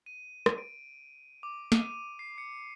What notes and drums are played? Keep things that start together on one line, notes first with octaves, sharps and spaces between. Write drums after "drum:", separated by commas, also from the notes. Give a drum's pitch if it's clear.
D#7
drum: rim click
D7
D6
D#7, drum: snare
C7
C#7